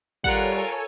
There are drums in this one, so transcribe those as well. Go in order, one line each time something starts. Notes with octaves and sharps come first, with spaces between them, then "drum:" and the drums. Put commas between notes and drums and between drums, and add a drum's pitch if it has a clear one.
G3 F4 A4 A#4 C#5 F#5 G#5, drum: kick